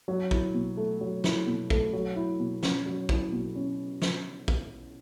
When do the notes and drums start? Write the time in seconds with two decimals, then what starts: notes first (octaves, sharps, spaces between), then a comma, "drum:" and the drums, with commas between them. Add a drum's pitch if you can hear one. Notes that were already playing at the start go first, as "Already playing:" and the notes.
0.08 F#3
0.31 E4, drum: kick
0.54 B2
0.77 A3
1.01 F#3
1.24 E4, drum: snare
1.47 B2
1.70 A3, drum: kick
1.93 F#3
2.16 E4
2.40 B2
2.63 C#4, drum: snare
2.86 F#3
3.09 E4, drum: kick
3.32 B2
3.55 C#4
4.02 drum: snare
4.48 drum: kick